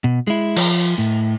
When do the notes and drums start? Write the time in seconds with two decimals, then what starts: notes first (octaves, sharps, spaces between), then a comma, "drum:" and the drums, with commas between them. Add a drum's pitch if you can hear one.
0.04 B2
0.27 G#3 E4
0.56 F3, drum: cymbal
0.98 A2